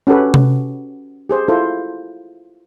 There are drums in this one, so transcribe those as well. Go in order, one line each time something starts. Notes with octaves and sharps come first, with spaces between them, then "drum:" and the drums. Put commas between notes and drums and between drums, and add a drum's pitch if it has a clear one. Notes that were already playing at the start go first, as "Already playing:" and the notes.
C#4 F#4 G4 A4 B4
drum: tom C3
G4 G#4 C5
E4 F4 A4 C5